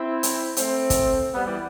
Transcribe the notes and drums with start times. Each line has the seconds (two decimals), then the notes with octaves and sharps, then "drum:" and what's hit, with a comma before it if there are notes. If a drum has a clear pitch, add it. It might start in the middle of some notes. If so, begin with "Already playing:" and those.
Already playing: C4 E4
0.23 drum: hi-hat
0.57 A3 C4, drum: hi-hat
0.90 drum: kick, hi-hat
1.34 G3 B3
1.46 E3 G3